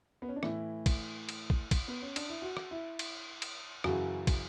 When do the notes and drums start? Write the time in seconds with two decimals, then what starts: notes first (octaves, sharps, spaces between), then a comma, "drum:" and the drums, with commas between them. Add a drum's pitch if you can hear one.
0.22 B3
0.29 C#4
0.36 D4
0.43 A2 E3 E4, drum: rim click
0.86 drum: kick, cymbal
1.29 drum: cymbal
1.50 drum: kick
1.71 drum: kick, cymbal
1.88 B3
2.02 C#4
2.16 D4, drum: cymbal
2.29 E4
2.42 F#4
2.57 drum: rim click
2.71 E4
2.99 drum: cymbal
3.42 drum: cymbal
3.84 F#2 C#3 E3 F#4, drum: rim click
4.27 drum: kick, cymbal